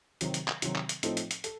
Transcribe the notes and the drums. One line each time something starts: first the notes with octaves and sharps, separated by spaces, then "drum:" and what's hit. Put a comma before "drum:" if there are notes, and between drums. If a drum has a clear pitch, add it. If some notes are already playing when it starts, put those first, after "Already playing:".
C3 D#3 F#3 C4, drum: hi-hat
drum: hi-hat
drum: clap
C3 D#3 F#3 C4, drum: hi-hat
drum: clap
drum: hi-hat
A2 F3 C4 D#4 A4, drum: hi-hat
drum: hi-hat
drum: hi-hat
A4, drum: hi-hat